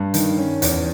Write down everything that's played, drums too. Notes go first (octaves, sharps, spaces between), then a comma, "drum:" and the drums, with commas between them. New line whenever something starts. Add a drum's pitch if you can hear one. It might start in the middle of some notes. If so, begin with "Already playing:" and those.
Already playing: G2
D#3, drum: hi-hat
C#4
E2, drum: hi-hat